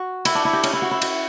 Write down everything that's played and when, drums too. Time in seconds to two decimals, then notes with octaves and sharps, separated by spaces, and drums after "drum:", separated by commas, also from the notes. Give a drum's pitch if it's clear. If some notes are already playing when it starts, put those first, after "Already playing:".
Already playing: F#4
0.25 E4, drum: cymbal
0.35 D4
0.45 E4
0.53 G4
0.63 C#4, drum: cymbal
0.73 E4
0.82 F#4
0.91 E4
1.02 F#4, drum: cymbal